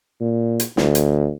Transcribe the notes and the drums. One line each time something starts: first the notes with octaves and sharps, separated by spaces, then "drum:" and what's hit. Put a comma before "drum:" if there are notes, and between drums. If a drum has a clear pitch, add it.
A#2
drum: hi-hat
D2, drum: snare
drum: hi-hat